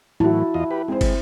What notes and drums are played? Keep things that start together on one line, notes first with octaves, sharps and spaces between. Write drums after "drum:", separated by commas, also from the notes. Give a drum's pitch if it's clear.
A2 E3 F#3 E4 F#4 A5
E2 F4 D#5
G4 B4
G#3 C4 C5
drum: kick, cymbal